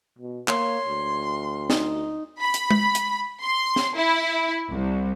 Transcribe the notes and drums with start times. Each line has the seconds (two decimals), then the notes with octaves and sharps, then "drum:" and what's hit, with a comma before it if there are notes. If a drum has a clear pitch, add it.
0.19 B2
0.48 A#3 C#5 C6, drum: clap
0.87 D2
1.70 D#4, drum: snare
2.40 B5
2.54 drum: hi-hat
2.71 drum: tom G#3
2.95 drum: hi-hat
3.42 C6
3.76 drum: snare
3.96 E4
4.71 C2